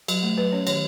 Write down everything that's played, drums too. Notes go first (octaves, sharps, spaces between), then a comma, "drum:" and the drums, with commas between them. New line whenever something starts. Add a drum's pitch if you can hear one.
F#3, drum: cymbal
A3
F#3 B4
C#4 C#5
D#3 C#5, drum: cymbal